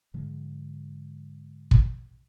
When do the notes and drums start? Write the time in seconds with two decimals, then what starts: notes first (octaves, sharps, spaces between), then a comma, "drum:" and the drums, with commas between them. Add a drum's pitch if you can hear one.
0.14 G#2 D3 F3 G#3
1.71 drum: kick